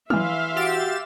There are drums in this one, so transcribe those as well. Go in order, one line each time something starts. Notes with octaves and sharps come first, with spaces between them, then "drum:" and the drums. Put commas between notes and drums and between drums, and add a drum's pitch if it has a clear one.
E3 E5 F5 C6 F6, drum: tom
F#4 G4 A6 E7